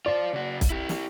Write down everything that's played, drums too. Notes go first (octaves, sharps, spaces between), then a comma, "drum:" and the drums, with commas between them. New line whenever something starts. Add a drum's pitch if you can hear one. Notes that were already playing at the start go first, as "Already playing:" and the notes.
F4 C5 D5
C#3 F#4
drum: kick, hi-hat
E4 G4
drum: snare